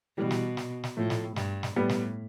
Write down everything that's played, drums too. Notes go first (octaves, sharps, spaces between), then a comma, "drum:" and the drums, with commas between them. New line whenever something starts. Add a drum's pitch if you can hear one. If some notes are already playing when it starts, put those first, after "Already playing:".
B2 E3 G3
drum: snare
drum: snare
drum: snare
A2 F3 A3
drum: snare
G2, drum: snare
drum: snare
A2 G3 B3
drum: snare